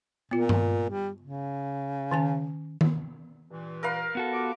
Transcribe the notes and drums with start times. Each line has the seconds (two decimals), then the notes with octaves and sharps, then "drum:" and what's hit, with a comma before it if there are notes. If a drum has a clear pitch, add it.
0.31 A#2 B3 F4
0.49 drum: tom G2
0.89 G3
1.22 C#3
2.11 D#3 C#4 G#5
2.81 drum: tom D#3
3.50 G2 A#2 E3
3.83 A#4 B4 F5
4.15 B3 F#4 A4
4.33 F4 G4 D6